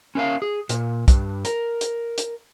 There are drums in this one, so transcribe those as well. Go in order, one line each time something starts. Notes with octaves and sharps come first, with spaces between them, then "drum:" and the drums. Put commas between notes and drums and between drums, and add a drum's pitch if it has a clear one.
C#4 A#4 E5 F5
G#4
A#2, drum: hi-hat
G2, drum: kick, hi-hat
A#4, drum: hi-hat
drum: hi-hat
drum: hi-hat